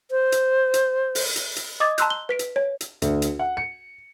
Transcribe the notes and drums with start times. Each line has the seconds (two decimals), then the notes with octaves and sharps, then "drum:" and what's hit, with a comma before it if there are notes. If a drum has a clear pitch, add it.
0.11 C5
0.32 drum: hi-hat
0.74 drum: hi-hat
1.15 drum: open hi-hat
1.36 drum: hi-hat
1.56 drum: hi-hat
1.80 D#5 D6 D#6 G#6 A6
1.98 A5 A#5 C6 E6 F#6 G6, drum: hi-hat
2.10 G7
2.29 B4 B6 D7
2.39 drum: hi-hat
2.56 C#5
2.81 drum: hi-hat
3.02 D2, drum: hi-hat
3.22 drum: hi-hat
3.39 F#5
3.57 C#7